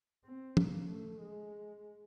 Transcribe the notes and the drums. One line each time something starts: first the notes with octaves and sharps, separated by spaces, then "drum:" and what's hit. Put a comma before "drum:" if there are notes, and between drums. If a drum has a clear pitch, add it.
C4
A#3, drum: tom
A3
G#3